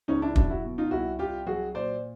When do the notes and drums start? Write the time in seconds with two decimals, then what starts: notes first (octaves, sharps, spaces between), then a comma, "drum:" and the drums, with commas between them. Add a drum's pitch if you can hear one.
0.08 C#2 C#4 D#4
0.22 D4 E4
0.36 F#3 D4 E4, drum: kick
0.50 E4 F#4
0.64 B2
0.78 D#4 F4
0.91 C2 E4 F#4
1.19 C2 F4 G4
1.46 F#3 F#4 G#4
1.74 A#2 C5 D5